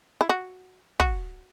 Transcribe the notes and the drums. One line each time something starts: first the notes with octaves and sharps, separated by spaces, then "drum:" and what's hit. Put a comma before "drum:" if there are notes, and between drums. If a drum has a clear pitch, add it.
E4
F#4
F#4, drum: kick